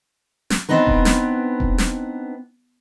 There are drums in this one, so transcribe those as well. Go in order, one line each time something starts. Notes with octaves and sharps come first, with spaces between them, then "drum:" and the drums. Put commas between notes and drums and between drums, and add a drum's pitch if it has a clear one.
drum: snare
B3 C4 D4 D#4 B4
drum: kick E1
drum: snare
drum: kick E1
drum: snare